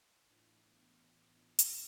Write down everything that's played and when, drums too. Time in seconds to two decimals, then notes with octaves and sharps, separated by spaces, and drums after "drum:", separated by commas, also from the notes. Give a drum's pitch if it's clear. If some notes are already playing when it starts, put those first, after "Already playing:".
0.23 A2 E3 D4 F4
0.59 B3 D4
0.95 B3
1.59 drum: hi-hat